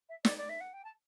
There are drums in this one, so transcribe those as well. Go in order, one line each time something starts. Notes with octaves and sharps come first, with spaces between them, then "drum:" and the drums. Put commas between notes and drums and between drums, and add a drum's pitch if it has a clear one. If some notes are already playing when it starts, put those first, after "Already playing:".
E5
D5, drum: snare
D5
E5
F#5
G5
A5